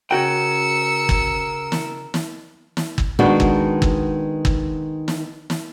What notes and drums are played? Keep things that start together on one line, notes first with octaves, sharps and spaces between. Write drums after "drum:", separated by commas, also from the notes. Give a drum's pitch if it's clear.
C#3 F#4 A#4 G5 E6 C#7
drum: kick
drum: snare
drum: snare
drum: snare
drum: kick
D#3 G#3 B3 D4 F#4
drum: kick
drum: kick
drum: kick
drum: snare
drum: snare